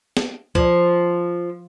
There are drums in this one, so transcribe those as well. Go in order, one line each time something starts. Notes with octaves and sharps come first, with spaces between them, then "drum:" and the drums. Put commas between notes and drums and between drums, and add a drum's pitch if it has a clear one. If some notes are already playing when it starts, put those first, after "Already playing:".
drum: snare
F3, drum: kick C#2